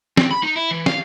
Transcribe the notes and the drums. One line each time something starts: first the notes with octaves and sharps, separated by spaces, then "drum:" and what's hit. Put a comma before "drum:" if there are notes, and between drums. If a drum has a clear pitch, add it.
C4, drum: snare
B5
D#4
E4
E3
F5, drum: snare